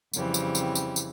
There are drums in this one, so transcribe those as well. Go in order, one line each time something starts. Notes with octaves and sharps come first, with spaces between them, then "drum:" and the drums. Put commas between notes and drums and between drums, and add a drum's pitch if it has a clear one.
F2 C#3 E3 G3 C4, drum: tambourine
drum: tambourine
drum: tambourine
drum: tambourine
drum: tambourine